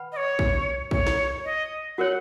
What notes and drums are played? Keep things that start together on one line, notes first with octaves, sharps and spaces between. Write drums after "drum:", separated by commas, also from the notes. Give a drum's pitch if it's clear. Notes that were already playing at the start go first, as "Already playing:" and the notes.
Already playing: B4 F#5 B5
D#5
C#5
drum: kick
C#5, drum: kick
drum: snare
D#5
F#4 A#4 C#5 F#5